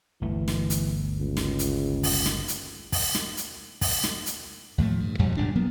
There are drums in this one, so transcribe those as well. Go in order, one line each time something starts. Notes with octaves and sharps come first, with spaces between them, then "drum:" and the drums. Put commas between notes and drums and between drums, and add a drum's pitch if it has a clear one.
G1 D2 E3 A3
drum: snare
drum: hi-hat
C#2
drum: snare
drum: hi-hat
drum: kick, open hi-hat
drum: snare
drum: hi-hat
drum: kick, open hi-hat
drum: snare
drum: hi-hat
drum: kick, open hi-hat
drum: snare
drum: hi-hat
D#2 A2 F3 A3
G2
F2 G#2 B2 G3
G1 A#2 G3 D4
F#3 A#3 B3